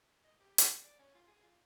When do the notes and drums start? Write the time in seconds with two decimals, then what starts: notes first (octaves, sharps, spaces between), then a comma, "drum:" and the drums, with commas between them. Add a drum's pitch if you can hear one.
0.25 D#5
0.40 G4
0.58 F#4, drum: hi-hat
0.72 G#4
0.84 D5
0.99 C#4
1.15 F4
1.28 G#4
1.44 F4